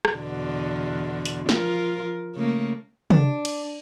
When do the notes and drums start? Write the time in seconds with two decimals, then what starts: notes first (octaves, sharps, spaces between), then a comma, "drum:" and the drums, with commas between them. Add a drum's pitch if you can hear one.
0.05 drum: rim click
0.14 E2 B2 D3
1.25 drum: hi-hat
1.49 F3 F4 A#4, drum: snare
2.35 C#3 A3 A#3
3.10 D4, drum: tom
3.45 drum: cymbal